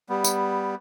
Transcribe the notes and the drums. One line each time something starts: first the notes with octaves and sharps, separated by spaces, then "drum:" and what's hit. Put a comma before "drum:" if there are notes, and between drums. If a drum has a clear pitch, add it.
G3 B3
drum: tambourine